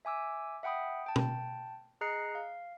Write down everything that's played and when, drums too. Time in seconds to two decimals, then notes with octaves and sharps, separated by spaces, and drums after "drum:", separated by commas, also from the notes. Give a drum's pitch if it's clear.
0.05 E5 G#5 D6 E6
0.63 E5 F#5 G5 B5 D#6
1.06 G5 A5
1.16 drum: tom B2
2.01 G#4 D#5 A#5 F#6 C7 C#7
2.35 F5